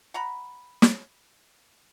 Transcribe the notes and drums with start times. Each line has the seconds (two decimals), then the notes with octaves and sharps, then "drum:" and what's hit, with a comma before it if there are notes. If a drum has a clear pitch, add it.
0.14 F#5 A#5 B5
0.82 drum: snare